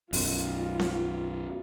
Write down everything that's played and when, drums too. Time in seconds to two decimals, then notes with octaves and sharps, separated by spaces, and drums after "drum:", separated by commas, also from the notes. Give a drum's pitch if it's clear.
0.13 B1 F#2 F4, drum: open hi-hat
0.79 drum: snare C4